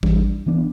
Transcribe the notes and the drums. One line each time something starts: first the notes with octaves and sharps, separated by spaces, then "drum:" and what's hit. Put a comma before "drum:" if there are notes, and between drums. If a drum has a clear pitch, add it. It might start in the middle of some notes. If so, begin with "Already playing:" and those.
E3 G3 D4, drum: kick A1
E3 B3 D4